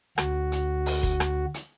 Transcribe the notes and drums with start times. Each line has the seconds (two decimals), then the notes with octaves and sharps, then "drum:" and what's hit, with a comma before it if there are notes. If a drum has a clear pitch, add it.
0.18 D2 F#4, drum: rim click
0.52 drum: hi-hat
0.86 drum: open hi-hat
1.03 drum: kick F1
1.20 drum: rim click
1.54 drum: hi-hat